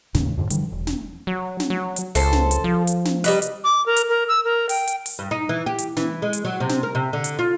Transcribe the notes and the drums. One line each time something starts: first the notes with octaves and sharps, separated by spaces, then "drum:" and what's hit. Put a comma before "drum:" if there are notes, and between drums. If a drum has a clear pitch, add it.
D#2 A2 C#3 E3, drum: snare
F2 G#2 D3
D3 E3 F3 G3, drum: hi-hat
E1
drum: snare
F#3
drum: snare
F#3
drum: hi-hat
C#2 A4 C5, drum: open hi-hat
drum: snare
drum: hi-hat
F3
drum: hi-hat
drum: snare
G3 D#4 B4, drum: open hi-hat
drum: hi-hat
D6
A#4
drum: hi-hat
A#4
E6
A#4
G5, drum: open hi-hat
drum: hi-hat
drum: open hi-hat
G2
D#4
E3
G4
drum: hi-hat
E3, drum: snare
G#3
drum: hi-hat
F#3
C3
drum: snare
A#4
C3
D3
drum: hi-hat
F4